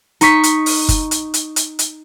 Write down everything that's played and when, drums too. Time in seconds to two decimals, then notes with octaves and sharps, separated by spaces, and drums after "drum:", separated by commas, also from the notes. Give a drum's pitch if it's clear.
0.21 D#4 C#6 B6, drum: hi-hat
0.43 drum: hi-hat
0.66 drum: open hi-hat
0.89 drum: kick F#1, hi-hat
1.11 drum: hi-hat
1.34 drum: hi-hat
1.56 drum: hi-hat
1.79 drum: hi-hat